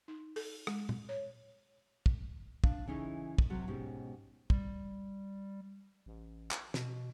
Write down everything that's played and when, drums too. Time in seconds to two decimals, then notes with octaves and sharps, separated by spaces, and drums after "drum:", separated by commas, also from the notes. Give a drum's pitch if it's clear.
0.08 D#4
0.36 A4, drum: open hi-hat
0.67 G#3, drum: rim click
0.89 drum: tom A#2
1.09 C#5
2.06 drum: kick
2.64 D4 F5, drum: kick
2.87 C#3 E3 C#4 D#4 E4 A4
3.38 drum: kick
3.50 C3 F#3 F#4 A4
3.67 G#2 B2 C#4 G4
4.50 G3, drum: kick
6.06 A1
6.51 drum: clap
6.74 B2, drum: snare